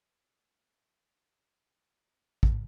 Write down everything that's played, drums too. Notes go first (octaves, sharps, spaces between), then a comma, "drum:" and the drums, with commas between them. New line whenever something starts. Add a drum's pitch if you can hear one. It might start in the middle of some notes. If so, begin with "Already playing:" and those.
A#5
drum: kick A1